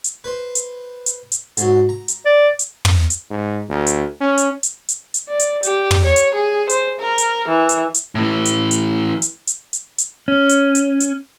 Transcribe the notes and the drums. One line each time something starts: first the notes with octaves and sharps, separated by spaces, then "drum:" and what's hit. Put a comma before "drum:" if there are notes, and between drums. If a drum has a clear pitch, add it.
drum: hi-hat
B4 C5
drum: hi-hat
drum: hi-hat
drum: hi-hat
G#2 F#3, drum: hi-hat
A#5
drum: hi-hat
D5
drum: hi-hat
drum: tom
drum: hi-hat
G#2
D2
drum: hi-hat
C#4
drum: hi-hat
drum: hi-hat
drum: hi-hat
drum: hi-hat
D5
drum: hi-hat
G4, drum: hi-hat
drum: tom
C#5
drum: hi-hat
G#4
C5, drum: hi-hat
A#4
drum: hi-hat
E3
drum: hi-hat
drum: hi-hat
A2 E3
drum: hi-hat
drum: hi-hat
drum: hi-hat
drum: hi-hat
drum: hi-hat
drum: hi-hat
C#4
drum: hi-hat
drum: hi-hat
drum: hi-hat